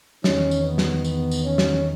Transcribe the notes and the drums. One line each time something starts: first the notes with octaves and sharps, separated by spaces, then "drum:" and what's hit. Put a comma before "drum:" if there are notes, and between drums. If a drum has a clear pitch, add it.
E2 D#3 C#4, drum: snare
drum: tambourine
B3
drum: snare
B3, drum: tambourine
drum: tambourine
C#4
drum: snare